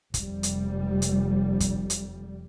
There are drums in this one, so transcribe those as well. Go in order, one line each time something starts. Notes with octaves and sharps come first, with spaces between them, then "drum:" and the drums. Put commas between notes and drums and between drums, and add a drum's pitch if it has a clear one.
F1 G3, drum: kick, hi-hat
drum: hi-hat
drum: hi-hat
drum: kick, hi-hat
drum: hi-hat